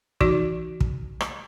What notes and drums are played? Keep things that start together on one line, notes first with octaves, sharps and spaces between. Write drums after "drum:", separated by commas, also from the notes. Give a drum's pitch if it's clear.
E3 D#4 F#4 D5, drum: kick
drum: kick
drum: rim click